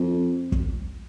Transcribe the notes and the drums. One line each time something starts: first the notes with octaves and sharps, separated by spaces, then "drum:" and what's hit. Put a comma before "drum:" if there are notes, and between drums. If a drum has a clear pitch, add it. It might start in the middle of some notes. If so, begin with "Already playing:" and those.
Already playing: F2
drum: kick